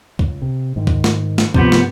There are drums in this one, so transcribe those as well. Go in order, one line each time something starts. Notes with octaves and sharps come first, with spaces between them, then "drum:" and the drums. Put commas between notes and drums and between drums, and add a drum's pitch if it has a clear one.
C#2, drum: kick C#2
C3
G#2 D#3
drum: kick C#2
drum: snare
drum: snare
G2 C3 F3 B3 C4, drum: kick C#2
drum: snare